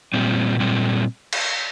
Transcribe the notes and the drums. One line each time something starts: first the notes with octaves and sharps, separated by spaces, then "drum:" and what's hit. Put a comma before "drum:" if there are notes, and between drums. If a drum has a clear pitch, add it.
A#2 G3 C4
A#2 G3 C4
drum: cymbal